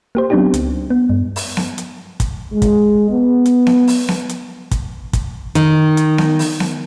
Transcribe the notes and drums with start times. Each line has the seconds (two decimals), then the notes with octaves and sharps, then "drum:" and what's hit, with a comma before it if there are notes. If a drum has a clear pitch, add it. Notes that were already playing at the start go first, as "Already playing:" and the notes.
0.15 A#3 G4 C5
0.30 F#3 B3 C4 D4 D#4 G4
0.54 C#2, drum: hi-hat
0.90 B3
1.10 G2
1.36 drum: open hi-hat
1.57 drum: snare B3
1.78 drum: hi-hat
2.20 drum: kick, hi-hat
2.52 G#3
2.62 drum: kick, hi-hat
3.09 B3
3.46 drum: hi-hat
3.67 drum: snare B3
3.88 drum: open hi-hat
4.08 drum: snare B3
4.29 drum: hi-hat
4.71 drum: kick, hi-hat
5.13 drum: kick, hi-hat
5.55 D#3, drum: hi-hat
5.97 drum: hi-hat
6.18 drum: snare B3
6.39 drum: open hi-hat
6.60 drum: snare B3